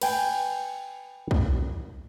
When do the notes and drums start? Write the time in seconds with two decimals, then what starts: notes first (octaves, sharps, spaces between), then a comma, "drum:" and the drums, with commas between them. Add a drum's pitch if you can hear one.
0.01 B4 G5 G#5, drum: cymbal
1.31 drum: kick B1